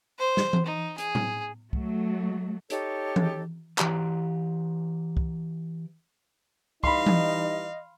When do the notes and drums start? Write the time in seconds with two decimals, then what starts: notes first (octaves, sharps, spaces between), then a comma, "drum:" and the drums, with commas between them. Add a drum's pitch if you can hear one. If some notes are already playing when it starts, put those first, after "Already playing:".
0.19 C5
0.37 drum: snare
0.53 drum: tom E3
0.66 D#4
0.98 G#4, drum: hi-hat
1.15 drum: tom
1.73 F#3 A3, drum: kick
2.70 D#4 G4 A4 C#5, drum: hi-hat
3.16 drum: tom E3
3.78 E3 G4 A#5, drum: clap
5.17 drum: kick
6.83 E3 G3 D#4 D#5 F5 B5 C6, drum: kick
7.06 drum: tom E3